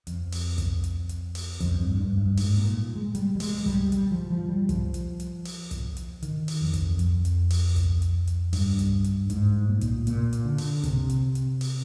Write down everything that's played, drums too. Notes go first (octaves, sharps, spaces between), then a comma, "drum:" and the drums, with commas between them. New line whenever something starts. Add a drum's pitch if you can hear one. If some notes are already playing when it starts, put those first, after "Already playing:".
F2, drum: hi-hat
drum: open hi-hat
drum: kick, hi-hat
drum: hi-hat
drum: hi-hat
drum: open hi-hat
F2, drum: kick, hi-hat
G2
G2
G2
G#2, drum: open hi-hat
A#2
G#3
G3, drum: hi-hat
G3
G#3, drum: open hi-hat
G3, drum: kick
G3, drum: hi-hat
F3
F3
G3
F3, drum: kick, hi-hat
drum: hi-hat
drum: hi-hat
drum: open hi-hat
drum: kick, hi-hat
drum: hi-hat
D#3, drum: hi-hat
drum: open hi-hat
F2
drum: kick, hi-hat
F2, drum: hi-hat
drum: hi-hat
drum: open hi-hat
drum: kick, hi-hat
drum: hi-hat
drum: hi-hat
G2, drum: open hi-hat
drum: kick, hi-hat
drum: hi-hat
G#2, drum: hi-hat
A#2
drum: kick, hi-hat
A#2, drum: hi-hat
drum: hi-hat
D3
drum: open hi-hat
C3, drum: kick, hi-hat
drum: hi-hat
drum: hi-hat
drum: open hi-hat